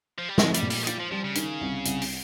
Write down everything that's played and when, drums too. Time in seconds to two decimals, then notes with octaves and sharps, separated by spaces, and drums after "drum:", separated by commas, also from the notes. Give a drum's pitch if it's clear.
0.18 F3
0.29 G3
0.38 G#3 C4, drum: snare
0.54 G3, drum: hi-hat
0.62 A#2
0.70 G3, drum: open hi-hat
0.83 G#3
0.87 G3 F4, drum: hi-hat
1.00 F3
1.11 F3 G3
1.24 C#3
1.35 D#3, drum: hi-hat
1.61 C2
1.85 C2, drum: hi-hat
2.02 drum: open hi-hat